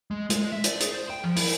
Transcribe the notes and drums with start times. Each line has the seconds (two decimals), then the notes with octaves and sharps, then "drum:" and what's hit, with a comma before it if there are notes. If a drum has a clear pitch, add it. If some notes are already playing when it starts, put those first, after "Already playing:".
0.11 G#3
0.30 G#3, drum: hi-hat
0.52 E5
0.64 D5, drum: hi-hat
0.81 G#4, drum: hi-hat
0.94 C5
1.10 G5
1.24 F3
1.37 E4, drum: open hi-hat